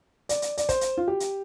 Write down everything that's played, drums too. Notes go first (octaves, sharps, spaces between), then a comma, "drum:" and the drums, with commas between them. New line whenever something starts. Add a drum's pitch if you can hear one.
D5, drum: hi-hat
drum: hi-hat
D5, drum: hi-hat
C5, drum: kick, hi-hat
drum: hi-hat
F4
G4
drum: hi-hat